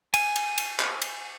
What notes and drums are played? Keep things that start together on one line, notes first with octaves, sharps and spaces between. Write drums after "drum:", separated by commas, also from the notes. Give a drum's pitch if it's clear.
G#5, drum: cymbal
drum: cymbal
drum: cymbal
drum: clap
drum: cymbal